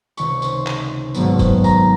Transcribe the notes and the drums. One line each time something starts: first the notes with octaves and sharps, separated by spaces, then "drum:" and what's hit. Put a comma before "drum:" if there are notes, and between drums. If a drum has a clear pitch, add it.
C#2 C3 D#3 C#6, drum: tambourine
C6, drum: tambourine
drum: clap
G#1 G#2 D#3 F#3 B3, drum: tambourine
drum: kick, tambourine
A#5, drum: tambourine